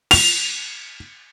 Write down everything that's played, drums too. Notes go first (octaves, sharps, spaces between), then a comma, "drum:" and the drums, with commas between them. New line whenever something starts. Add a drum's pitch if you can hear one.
F7, drum: cymbal